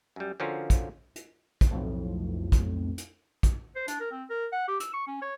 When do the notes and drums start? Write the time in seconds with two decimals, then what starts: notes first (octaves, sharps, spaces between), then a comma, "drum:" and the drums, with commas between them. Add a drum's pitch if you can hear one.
0.16 F#2 G3
0.40 D3 F3 C#4 F4 F#4 A#4
0.70 drum: kick, hi-hat
1.16 drum: hi-hat
1.61 drum: kick, hi-hat
1.71 B1 F2 A2
2.52 drum: kick, hi-hat
2.98 drum: hi-hat
3.43 drum: kick, hi-hat
3.75 C5
3.88 D4, drum: hi-hat
4.00 A#4
4.11 C4
4.30 A#4
4.52 F#5
4.68 G4
4.80 E6, drum: hi-hat
4.93 C#6
5.07 C#4
5.22 C#5